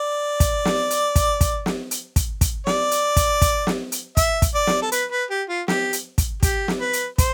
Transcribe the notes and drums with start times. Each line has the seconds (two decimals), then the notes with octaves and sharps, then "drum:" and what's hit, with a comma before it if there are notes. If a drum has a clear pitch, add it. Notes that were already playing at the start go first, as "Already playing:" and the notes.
Already playing: D5
0.40 drum: kick, hi-hat
0.65 drum: snare
0.90 drum: hi-hat
1.16 drum: kick, hi-hat
1.41 drum: kick, hi-hat
1.66 drum: snare
1.91 drum: hi-hat
2.16 drum: kick, hi-hat
2.41 drum: kick, hi-hat
2.67 D5, drum: snare
2.91 drum: hi-hat
3.17 drum: kick, hi-hat
3.42 drum: kick, hi-hat
3.67 drum: snare
3.92 drum: hi-hat
4.17 E5, drum: kick, hi-hat
4.42 drum: kick, hi-hat
4.55 D5
4.67 drum: snare
4.82 A4
4.92 B4, drum: hi-hat
5.11 B4
5.30 G4
5.49 F4
5.68 G4, drum: snare
5.93 drum: hi-hat
6.18 drum: kick, hi-hat
6.43 G4, drum: kick, hi-hat
6.68 drum: snare
6.80 B4
6.93 drum: hi-hat
7.18 C5, drum: kick, hi-hat